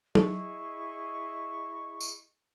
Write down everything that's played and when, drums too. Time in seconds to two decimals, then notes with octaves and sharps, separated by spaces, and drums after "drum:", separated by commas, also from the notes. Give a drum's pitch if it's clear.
0.15 E4 G#4 D#5 C#6, drum: tom F#3
2.00 drum: tambourine